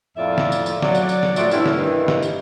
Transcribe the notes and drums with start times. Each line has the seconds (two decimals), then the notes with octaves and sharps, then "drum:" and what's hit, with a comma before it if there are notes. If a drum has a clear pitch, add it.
0.17 F2 A2 A#3 F4 D5 E5
0.38 drum: snare
0.52 drum: tambourine
0.66 drum: tambourine
0.82 F#3 D5, drum: snare
0.95 drum: tambourine
1.09 drum: tambourine
1.23 drum: snare
1.36 A2 F3 E4 F#4 D5 E5, drum: tambourine
1.51 G2 C3 A3 C#4 E4, drum: tambourine
1.66 drum: snare
1.77 G2 D#3 E3
2.08 drum: snare
2.22 drum: tambourine